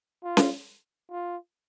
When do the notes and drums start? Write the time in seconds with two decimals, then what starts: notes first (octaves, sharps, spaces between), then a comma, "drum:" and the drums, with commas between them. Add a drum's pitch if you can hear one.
0.24 F4
0.37 drum: snare C#4
1.11 F4